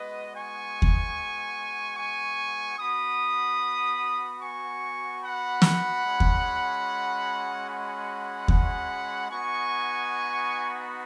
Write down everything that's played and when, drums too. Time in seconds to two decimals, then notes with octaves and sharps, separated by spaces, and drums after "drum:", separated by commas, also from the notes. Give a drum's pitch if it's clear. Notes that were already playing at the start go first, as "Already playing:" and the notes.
Already playing: G#3 B3 F#4 B4 D#5
0.34 G#5 C#6
0.82 drum: kick D#2
1.96 G#5 C#6
2.77 B3 F#4 B5 D#6
4.40 G#5 C#6
5.22 F#5 B5
5.62 drum: snare
6.05 G#3 C#4 F#4
6.20 drum: kick D#2
7.67 F#5 B5
8.48 F#5 B5, drum: kick D#2
9.30 B3 D#4 F#4 G#5 C#6